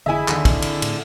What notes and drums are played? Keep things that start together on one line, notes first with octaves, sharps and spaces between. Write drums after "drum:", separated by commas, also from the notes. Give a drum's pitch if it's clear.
F1 D3 E3 E4 G#4 D#5 E5 G#5
D#2 D3 D#3, drum: clap
drum: kick, cymbal
drum: cymbal
A2, drum: cymbal